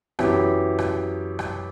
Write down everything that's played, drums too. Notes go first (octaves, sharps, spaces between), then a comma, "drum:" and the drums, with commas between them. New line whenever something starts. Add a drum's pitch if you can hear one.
F#2 E3 B3 E4 G4, drum: rim click
drum: rim click
drum: rim click